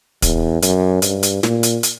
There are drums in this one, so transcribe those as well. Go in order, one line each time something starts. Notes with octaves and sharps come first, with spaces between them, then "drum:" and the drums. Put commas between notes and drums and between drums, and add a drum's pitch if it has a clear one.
E2, drum: kick, hi-hat
F#2, drum: hi-hat
G2, drum: hi-hat
drum: hi-hat
A#2, drum: snare
drum: hi-hat
drum: hi-hat